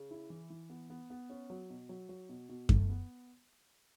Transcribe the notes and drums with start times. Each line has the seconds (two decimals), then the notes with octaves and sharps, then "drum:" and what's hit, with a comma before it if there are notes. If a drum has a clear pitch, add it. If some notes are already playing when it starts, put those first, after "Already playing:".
Already playing: C#3
0.11 E4
0.30 E3
0.50 E3
0.70 B3
0.90 B3
1.10 B3
1.30 C#4
1.50 F#3
1.70 B2
1.89 F#3
2.09 F#3
2.29 B2
2.49 B2
2.69 A3, drum: kick F#2
2.89 B3